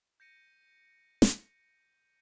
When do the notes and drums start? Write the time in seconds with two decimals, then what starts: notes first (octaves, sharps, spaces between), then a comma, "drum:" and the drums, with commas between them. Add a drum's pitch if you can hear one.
0.20 G6 A#6 C#7 D#7
1.22 drum: snare